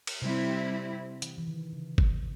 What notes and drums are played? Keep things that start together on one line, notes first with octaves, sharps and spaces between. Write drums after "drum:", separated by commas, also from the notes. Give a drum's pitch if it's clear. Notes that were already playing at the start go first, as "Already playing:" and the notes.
drum: cymbal
C3 G3 C4 E4
E3, drum: hi-hat
E3
D#3
C#3
C3, drum: kick